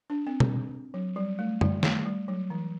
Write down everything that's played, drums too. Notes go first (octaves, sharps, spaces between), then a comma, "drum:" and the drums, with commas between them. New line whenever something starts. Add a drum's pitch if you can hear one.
D4
C4
drum: tom B2
F#3
G3
A3
G3, drum: tom
A3, drum: snare
G3
F#3
E3